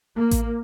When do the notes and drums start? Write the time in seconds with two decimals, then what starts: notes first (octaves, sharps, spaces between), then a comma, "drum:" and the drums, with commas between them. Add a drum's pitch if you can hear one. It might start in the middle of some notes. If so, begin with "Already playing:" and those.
0.16 A#3
0.31 drum: kick A1, hi-hat